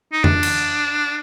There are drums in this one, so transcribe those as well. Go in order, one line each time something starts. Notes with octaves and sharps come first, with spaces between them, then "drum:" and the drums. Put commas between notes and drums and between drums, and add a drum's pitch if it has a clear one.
D#4
D4, drum: tom F2
drum: cymbal